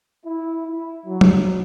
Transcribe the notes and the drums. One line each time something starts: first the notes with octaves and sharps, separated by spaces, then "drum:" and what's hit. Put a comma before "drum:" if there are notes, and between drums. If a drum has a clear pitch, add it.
E4
E4
F#3
drum: tom